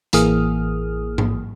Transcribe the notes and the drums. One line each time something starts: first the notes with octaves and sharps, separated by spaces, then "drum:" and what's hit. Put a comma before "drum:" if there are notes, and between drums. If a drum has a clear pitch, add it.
A1 E3 A#3 G#4 D#6 F6, drum: hi-hat
drum: tom G#2